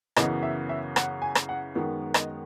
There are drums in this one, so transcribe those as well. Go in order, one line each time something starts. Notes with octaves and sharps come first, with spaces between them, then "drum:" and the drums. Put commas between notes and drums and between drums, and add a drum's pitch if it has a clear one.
F#2 C#3 E3 B3 D#5, drum: rim click
E5
E5
F#5, drum: rim click
G#5
drum: rim click
F#5
F#2 D#3 G#3 B3
D#5, drum: rim click